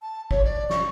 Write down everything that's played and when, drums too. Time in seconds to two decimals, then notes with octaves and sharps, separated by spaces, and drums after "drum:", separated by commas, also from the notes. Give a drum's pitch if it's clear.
0.02 A5
0.31 C#5, drum: kick
0.45 D5
0.70 C#6, drum: snare